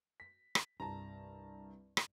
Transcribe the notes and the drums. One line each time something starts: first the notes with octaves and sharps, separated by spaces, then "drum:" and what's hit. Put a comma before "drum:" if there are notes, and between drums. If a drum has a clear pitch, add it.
B6
drum: rim click
C2 G2 A5 A#5
drum: rim click